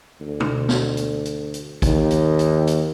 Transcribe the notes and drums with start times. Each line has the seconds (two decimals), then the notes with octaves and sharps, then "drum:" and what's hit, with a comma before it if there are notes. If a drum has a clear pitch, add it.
0.21 D2
0.40 drum: tom
0.69 drum: snare
0.97 drum: hi-hat
1.25 drum: hi-hat
1.54 drum: hi-hat
1.82 D#2, drum: kick G#1, hi-hat
2.11 drum: hi-hat
2.39 drum: hi-hat
2.67 drum: hi-hat